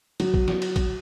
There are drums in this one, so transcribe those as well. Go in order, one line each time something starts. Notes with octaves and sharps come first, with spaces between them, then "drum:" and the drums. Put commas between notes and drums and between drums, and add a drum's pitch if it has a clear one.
F#3, drum: cymbal
drum: kick
drum: snare
drum: cymbal
drum: kick, cymbal